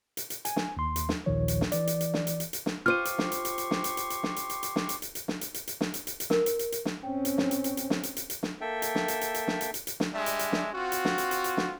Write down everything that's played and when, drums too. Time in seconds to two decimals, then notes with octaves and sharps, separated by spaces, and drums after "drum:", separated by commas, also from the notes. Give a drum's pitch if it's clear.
0.17 drum: hi-hat
0.30 drum: hi-hat
0.45 G#5, drum: hi-hat
0.56 drum: snare
0.77 D#2 C6
0.96 drum: hi-hat
1.09 drum: snare
1.26 A#1 D#2 A#2 D#3 F3 C#5
1.48 drum: hi-hat
1.61 drum: snare
1.72 E3 D5, drum: hi-hat
1.87 drum: hi-hat
2.01 drum: hi-hat
2.14 drum: snare
2.27 drum: hi-hat
2.40 drum: hi-hat
2.53 drum: hi-hat
2.66 drum: snare
2.86 F4 G4 C5 C6 C#6 F6 D#7
3.05 drum: hi-hat
3.18 drum: snare
3.32 drum: hi-hat
3.45 drum: hi-hat
3.58 drum: hi-hat
3.71 drum: snare
3.84 drum: hi-hat
3.97 drum: hi-hat
4.10 drum: hi-hat
4.23 drum: snare
4.36 drum: hi-hat
4.50 drum: hi-hat
4.63 drum: hi-hat
4.76 drum: snare
4.89 drum: hi-hat
5.02 drum: hi-hat
5.15 drum: hi-hat
5.28 drum: snare
5.41 drum: hi-hat
5.54 drum: hi-hat
5.67 drum: hi-hat
5.81 drum: snare
5.94 drum: hi-hat
6.07 drum: hi-hat
6.20 drum: hi-hat
6.30 A#4, drum: snare
6.46 drum: hi-hat
6.59 drum: hi-hat
6.72 drum: hi-hat
6.85 drum: snare
7.03 C4 C#4 G5
7.25 drum: hi-hat
7.38 drum: snare
7.51 drum: hi-hat
7.64 drum: hi-hat
7.77 drum: hi-hat
7.90 drum: snare
8.03 drum: hi-hat
8.17 drum: hi-hat
8.30 drum: hi-hat
8.43 drum: snare
8.61 A#3 A4 E5 G5
8.82 drum: hi-hat
8.95 drum: snare
9.08 drum: hi-hat
9.21 drum: hi-hat
9.34 drum: hi-hat
9.48 drum: snare
9.61 drum: hi-hat
9.74 drum: hi-hat
9.87 drum: hi-hat
10.00 drum: snare
10.13 G3 G#3 D4 E5
10.26 drum: hi-hat
10.39 drum: hi-hat
10.52 drum: snare
10.74 C4 F4 F#4
10.92 drum: hi-hat
11.05 drum: snare
11.18 drum: hi-hat
11.31 drum: hi-hat
11.44 drum: hi-hat
11.57 drum: snare